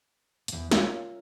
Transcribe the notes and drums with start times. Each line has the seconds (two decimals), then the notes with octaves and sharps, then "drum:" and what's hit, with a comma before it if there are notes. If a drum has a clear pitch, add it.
0.48 E2 G#2, drum: hi-hat
0.71 C#4 F4 A#4 E5 F5, drum: snare